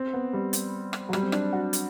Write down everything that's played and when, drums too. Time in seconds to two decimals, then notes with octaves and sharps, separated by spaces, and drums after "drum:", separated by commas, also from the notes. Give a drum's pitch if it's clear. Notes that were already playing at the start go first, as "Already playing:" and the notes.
Already playing: C4
0.13 B3
0.33 G3
0.53 drum: hi-hat
0.93 drum: rim click
1.09 F#3
1.13 G3, drum: rim click
1.22 C4
1.32 D4, drum: rim click
1.53 F#4
1.73 drum: hi-hat